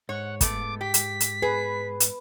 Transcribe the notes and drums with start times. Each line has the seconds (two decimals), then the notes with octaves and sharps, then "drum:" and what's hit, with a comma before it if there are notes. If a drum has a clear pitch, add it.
0.09 G#2 C#5 F#5
0.41 A3 B3 D6, drum: kick, hi-hat
0.81 G4 B6
0.94 drum: hi-hat
1.20 drum: hi-hat
1.42 G#4 B4
2.00 drum: hi-hat